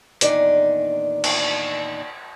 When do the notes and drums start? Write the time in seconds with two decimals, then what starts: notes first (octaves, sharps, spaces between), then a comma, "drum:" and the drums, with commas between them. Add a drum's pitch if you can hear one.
0.21 E2 A#2 D#3 D4 D#4 D5, drum: hi-hat
1.24 drum: cymbal